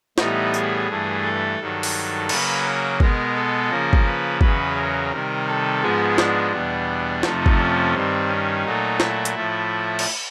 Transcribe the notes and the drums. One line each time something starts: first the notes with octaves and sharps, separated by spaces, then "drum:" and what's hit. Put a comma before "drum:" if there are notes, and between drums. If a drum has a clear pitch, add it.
A2 E3 G3 B3 D#4, drum: snare
G#4, drum: tambourine
G2 E3 A3
A4
G2 D#3 F#3
drum: open hi-hat
C#3 F#3 A#3 B4, drum: cymbal
A#4
B2 G#3 B3 A#4, drum: kick
A4
C#3 F3 A#3 A#4
drum: kick
B4
E2 C#3 F#3 B4, drum: kick
A#4
C3 D#3 G3
A4
G#2 F3 G#3 B3 G#4
D4, drum: snare
E2 B2 G3 B3
F2 C3 F3 A3 D#4, drum: snare
drum: kick
C#4
G2 D#3 G3 C4
C#4
A#2 F#3 A3 D#4
E4, drum: snare
drum: hi-hat
A2 F3 A3
drum: cymbal